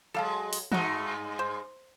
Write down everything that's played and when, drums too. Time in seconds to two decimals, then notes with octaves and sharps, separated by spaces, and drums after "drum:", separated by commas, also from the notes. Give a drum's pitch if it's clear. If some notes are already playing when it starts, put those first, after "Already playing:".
0.14 F#3 G#3 A4 F5 A5
0.53 drum: open hi-hat
0.72 G2 G#3 A3 D#4 F#4, drum: tom
1.39 C5